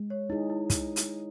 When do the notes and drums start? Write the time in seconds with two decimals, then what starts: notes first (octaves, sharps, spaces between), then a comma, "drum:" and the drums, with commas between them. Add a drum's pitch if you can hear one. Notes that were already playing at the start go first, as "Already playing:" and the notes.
Already playing: G#3
0.10 C#5
0.30 D#4 E4 G#4
0.50 E4
0.70 drum: kick, hi-hat
0.96 drum: hi-hat